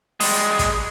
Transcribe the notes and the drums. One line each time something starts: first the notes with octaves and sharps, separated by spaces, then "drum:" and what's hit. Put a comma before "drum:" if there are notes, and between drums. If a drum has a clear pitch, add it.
G3 G#3, drum: open hi-hat
drum: kick, hi-hat